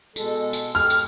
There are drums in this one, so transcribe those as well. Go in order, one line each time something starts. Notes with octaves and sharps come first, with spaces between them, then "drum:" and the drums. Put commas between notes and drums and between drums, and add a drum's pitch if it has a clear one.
B2 G#3 A4, drum: tambourine
drum: tambourine
G4 A4 F6
drum: tambourine